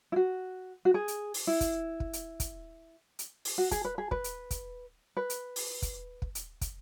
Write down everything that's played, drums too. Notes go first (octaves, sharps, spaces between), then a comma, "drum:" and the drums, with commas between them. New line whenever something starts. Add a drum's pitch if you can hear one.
E4
F#4
F#4
G#4
drum: hi-hat
drum: open hi-hat
E4
drum: kick, hi-hat
drum: kick
drum: hi-hat
drum: kick, hi-hat
drum: hi-hat
drum: open hi-hat
F#4
G#4, drum: kick, hi-hat
B4
G#4
B4, drum: kick
drum: hi-hat
drum: kick, hi-hat
B4
drum: hi-hat
drum: open hi-hat
drum: kick, hi-hat
drum: kick
drum: hi-hat
drum: kick, hi-hat